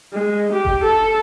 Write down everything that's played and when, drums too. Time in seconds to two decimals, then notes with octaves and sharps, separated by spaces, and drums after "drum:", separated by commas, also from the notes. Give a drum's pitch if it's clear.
0.13 G#3
0.53 G4
0.65 drum: kick F#1
0.84 A4